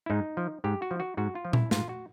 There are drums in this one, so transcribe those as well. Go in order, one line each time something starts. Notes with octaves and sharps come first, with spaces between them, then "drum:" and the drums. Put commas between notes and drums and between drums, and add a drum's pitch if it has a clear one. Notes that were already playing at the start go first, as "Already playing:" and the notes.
E4
G#2 D#4
F3
G#2 G4
F#4
F3
F#4
G#2 F#4
F4
F3
E4, drum: tom A#2
G#2 F4, drum: snare
F#4